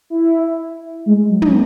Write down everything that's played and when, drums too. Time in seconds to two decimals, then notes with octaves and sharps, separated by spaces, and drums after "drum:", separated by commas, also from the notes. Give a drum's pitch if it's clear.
0.10 E4
1.06 G#3
1.30 F#3
1.42 drum: tom